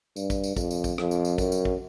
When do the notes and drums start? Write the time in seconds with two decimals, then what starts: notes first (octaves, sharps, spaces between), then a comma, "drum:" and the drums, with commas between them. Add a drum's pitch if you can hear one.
0.16 G2, drum: tambourine
0.30 drum: kick, tambourine
0.44 drum: tambourine
0.56 F2, drum: kick, tambourine
0.71 drum: tambourine
0.84 drum: kick, tambourine
0.98 F2, drum: rim click
1.11 drum: tambourine
1.25 drum: tambourine
1.38 F#2, drum: kick, tambourine
1.52 drum: tambourine
1.65 drum: kick